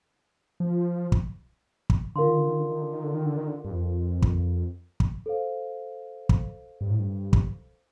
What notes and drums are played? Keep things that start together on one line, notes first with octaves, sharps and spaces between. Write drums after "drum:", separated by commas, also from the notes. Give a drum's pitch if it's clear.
F3
drum: kick
drum: kick
D3 F4 A#4 F5 C6
D#3
D3
D#3
D3
D#3
D3
D#3
D3
D#3
D3
D#3
D3
G2
F2
drum: kick
drum: kick
A4 C5 F5
drum: kick
G2
A2
G2
drum: kick